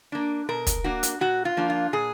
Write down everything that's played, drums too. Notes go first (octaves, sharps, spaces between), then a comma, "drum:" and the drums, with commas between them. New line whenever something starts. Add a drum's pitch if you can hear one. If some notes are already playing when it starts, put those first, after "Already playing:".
A#3 D4
B2 A#4
drum: kick, hi-hat
A#3 D4 F#4
drum: hi-hat
A#2 F#4
F4
F3 A#3 D4
F4
A#2 G#4